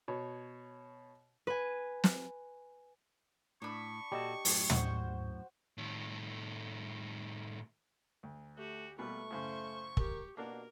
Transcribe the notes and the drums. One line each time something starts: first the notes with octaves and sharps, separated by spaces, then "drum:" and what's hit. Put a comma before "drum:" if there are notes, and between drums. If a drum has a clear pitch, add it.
B2 C#5
B4 G#5
drum: snare
A2 D4 B5 C#6
A#2 F#4 G4 A4 D5 D#5
F#2 A2, drum: open hi-hat
F#4 C5, drum: tom
A2 D#3
D2
A3 F#4 G4
B2 G3 A3 A#3 B4 C#6
F#2 A2 C#3 C5
G4 A#4, drum: kick
B2 A#3 D4 F#4 A#4